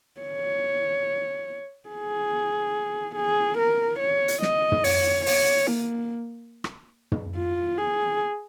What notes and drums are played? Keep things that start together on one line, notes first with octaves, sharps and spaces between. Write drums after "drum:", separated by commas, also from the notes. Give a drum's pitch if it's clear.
C#5
G#4
G#4
A#4
C#5
drum: hi-hat
D#5, drum: snare
drum: tom
C#5, drum: open hi-hat
C#5, drum: open hi-hat
A#3
drum: rim click
drum: tom
F4
G#4